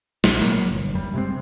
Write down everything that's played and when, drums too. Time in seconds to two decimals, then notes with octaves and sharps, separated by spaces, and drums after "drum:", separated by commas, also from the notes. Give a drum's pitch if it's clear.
0.24 A#1, drum: snare
0.41 B2 F#3 G3 A#3
0.67 G1
0.94 F#2 G3
1.14 C3 G#3 C4